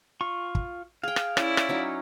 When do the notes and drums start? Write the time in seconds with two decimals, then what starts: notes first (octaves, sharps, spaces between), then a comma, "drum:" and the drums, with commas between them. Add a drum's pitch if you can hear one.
0.21 F4 C#6
0.55 drum: kick
1.04 G#4 F5 G5
1.16 drum: rim click
1.37 C#4 E4 D5, drum: rim click
1.57 drum: rim click
1.69 F#3 C#4 D#4